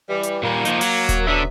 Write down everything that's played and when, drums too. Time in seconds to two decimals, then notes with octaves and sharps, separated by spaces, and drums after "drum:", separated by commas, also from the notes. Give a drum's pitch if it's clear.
0.09 E3 G3
0.23 drum: hi-hat
0.43 A#2 G3 A#3
0.65 F3 D#4, drum: hi-hat
0.81 F#3, drum: open hi-hat
1.09 drum: kick D#1, hi-hat
1.28 D3 F#3 B3 D4 E5